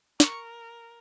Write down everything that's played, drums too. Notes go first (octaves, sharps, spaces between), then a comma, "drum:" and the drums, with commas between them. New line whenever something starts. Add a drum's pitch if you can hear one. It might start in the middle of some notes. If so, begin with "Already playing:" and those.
A#4 C#6, drum: snare